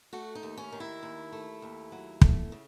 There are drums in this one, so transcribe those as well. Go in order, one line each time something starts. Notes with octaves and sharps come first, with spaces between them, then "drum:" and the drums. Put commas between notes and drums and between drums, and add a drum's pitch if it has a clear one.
A3 F#4
D#4
D#2
C#4
D#3
E4
D#2
A3
D#2
F#3
A3, drum: kick
C#3